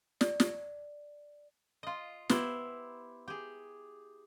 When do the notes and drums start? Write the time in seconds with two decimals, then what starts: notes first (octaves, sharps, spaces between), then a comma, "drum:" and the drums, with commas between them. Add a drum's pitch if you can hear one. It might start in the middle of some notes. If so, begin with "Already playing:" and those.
0.21 D5, drum: snare
0.40 drum: snare
1.83 F4 D#5
2.29 B3 E4 G4 C5, drum: snare
3.28 G4 G#4